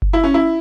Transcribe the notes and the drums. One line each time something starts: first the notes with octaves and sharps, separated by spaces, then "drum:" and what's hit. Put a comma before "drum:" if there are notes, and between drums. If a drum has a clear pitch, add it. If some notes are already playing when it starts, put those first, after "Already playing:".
drum: kick F#1
E4
C#4
E4